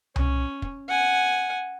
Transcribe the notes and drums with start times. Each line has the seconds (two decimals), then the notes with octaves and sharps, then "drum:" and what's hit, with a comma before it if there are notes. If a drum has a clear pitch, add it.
0.16 C#4, drum: tom C2
0.62 drum: kick
0.88 F#5 G#5